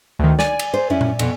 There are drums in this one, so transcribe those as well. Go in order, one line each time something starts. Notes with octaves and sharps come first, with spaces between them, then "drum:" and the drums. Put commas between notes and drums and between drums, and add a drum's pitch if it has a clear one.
D2 D#3
D5 G#5, drum: snare
drum: cymbal
C5
F#2 C#4 E4
drum: tom A#2
F2 B2, drum: cymbal